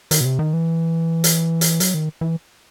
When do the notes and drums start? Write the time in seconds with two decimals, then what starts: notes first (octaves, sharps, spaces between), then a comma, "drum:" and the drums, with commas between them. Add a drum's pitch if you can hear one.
0.11 D#3, drum: hi-hat
0.21 B2
0.25 C3
0.39 D#3
0.53 E3
1.24 drum: hi-hat
1.61 drum: hi-hat
1.80 F#3, drum: hi-hat
1.94 D#3
2.21 E3